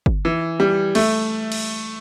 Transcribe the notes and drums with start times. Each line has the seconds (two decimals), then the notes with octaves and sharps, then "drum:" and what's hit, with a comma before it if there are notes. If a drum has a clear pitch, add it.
0.06 drum: kick G1
0.25 E3
0.60 G3
0.95 A3, drum: cymbal
1.52 drum: cymbal